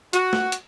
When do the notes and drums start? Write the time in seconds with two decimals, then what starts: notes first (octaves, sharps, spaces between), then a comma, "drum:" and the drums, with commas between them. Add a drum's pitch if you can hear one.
0.13 F#4, drum: hi-hat
0.33 drum: snare A#3
0.52 drum: hi-hat